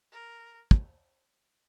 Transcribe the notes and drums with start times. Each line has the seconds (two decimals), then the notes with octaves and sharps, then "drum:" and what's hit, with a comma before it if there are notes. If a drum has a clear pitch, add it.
0.12 A#4
0.71 drum: kick